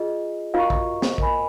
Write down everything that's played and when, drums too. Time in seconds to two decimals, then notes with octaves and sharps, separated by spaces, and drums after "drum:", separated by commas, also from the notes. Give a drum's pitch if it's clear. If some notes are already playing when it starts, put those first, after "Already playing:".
Already playing: F4 G#4 D#5
0.54 F4 F#4 A#4 D#5 F5 A#5 C#6
0.70 drum: kick
1.02 drum: snare
1.18 A#4 D#5 G#5 B5, drum: kick